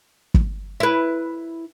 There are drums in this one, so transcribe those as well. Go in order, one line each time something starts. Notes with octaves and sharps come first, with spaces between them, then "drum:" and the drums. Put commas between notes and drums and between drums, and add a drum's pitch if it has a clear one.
drum: kick
E4 B4